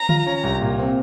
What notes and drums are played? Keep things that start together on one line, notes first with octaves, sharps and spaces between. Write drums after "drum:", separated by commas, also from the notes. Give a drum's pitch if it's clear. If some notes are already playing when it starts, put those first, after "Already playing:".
Already playing: A#5
F4, drum: tom D3
C#4
C2
A#2
C4